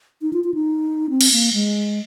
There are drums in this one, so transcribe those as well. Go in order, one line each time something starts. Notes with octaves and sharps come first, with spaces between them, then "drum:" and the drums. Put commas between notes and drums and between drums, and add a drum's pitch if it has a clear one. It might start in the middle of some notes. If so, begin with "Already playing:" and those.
D#4
F4
F4
D#4
C4
drum: cymbal
A#3
G#3